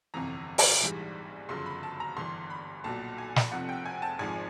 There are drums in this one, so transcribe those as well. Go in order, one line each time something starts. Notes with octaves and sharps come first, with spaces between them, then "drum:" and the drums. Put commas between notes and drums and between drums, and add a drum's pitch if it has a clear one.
G1 F2 C3 E3 A#5
drum: open hi-hat
A#1 G#2 E3 G3
G1 F#2 C#3 F3 C6
B5
A5
A#5
G1 G2 E3 C6
B5
B1 A#2 F#3 A5
G#5
drum: snare
F1 F2 C3 F3 F#5
G5
G#5
A5
G#1 G#2 F3 G#5